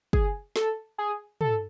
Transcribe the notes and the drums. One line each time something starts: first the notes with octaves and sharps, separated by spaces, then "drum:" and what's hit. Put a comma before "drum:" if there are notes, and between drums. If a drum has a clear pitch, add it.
G#4, drum: kick
A4, drum: snare
G#4
A4, drum: tom